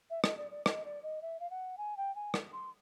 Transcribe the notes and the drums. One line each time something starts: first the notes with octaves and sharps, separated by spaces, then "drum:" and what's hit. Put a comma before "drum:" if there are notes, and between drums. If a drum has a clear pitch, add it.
E5
D#5, drum: rim click
D5
D5
D#5, drum: rim click
D5
D#5
E5
F5
F#5
G#5
G5
G#5
drum: rim click
C6